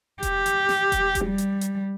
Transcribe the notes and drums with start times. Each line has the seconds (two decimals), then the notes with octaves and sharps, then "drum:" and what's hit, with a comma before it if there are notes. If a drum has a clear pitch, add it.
0.23 G4, drum: kick E1, hi-hat
0.46 drum: hi-hat
0.69 drum: snare
0.92 drum: kick E1, hi-hat
1.15 drum: kick E1, hi-hat
1.25 G3
1.38 drum: hi-hat
1.61 drum: hi-hat